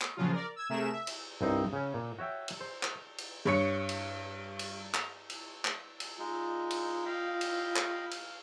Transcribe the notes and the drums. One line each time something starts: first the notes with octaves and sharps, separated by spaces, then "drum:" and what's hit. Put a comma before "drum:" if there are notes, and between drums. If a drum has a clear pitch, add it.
drum: clap
A#2 C#3 F3 F#3 F4
A#4 D5
E6 G#6
C3 A3 G#4 A#4 E5 E7
E5
drum: cymbal
C2 G2 C4 D#4
C#3 C#4
A#2
F#4 C#5 E5 G5
drum: cymbal
C5
drum: clap
drum: cymbal
G2 C#5 C#7
drum: cymbal
drum: cymbal
drum: clap
drum: cymbal
drum: clap
drum: cymbal
G#3 D#4 F4
drum: cymbal
D#5 F5 G5 B5
drum: cymbal
drum: clap
drum: cymbal